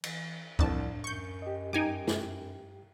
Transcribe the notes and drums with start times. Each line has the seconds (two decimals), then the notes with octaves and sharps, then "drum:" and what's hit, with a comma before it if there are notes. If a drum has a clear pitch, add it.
0.04 E3, drum: cymbal
0.59 C2 F2 A2 D4 A5, drum: kick
1.04 F#2 C#6 G6
1.42 G4 D#5
1.73 G2 D#4 G4 G5 G#5 D6
2.07 drum: snare